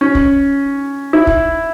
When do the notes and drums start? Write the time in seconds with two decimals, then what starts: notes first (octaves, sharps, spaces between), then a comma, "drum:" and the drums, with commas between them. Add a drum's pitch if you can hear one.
0.01 C#4
0.15 drum: kick
1.13 E4
1.27 drum: kick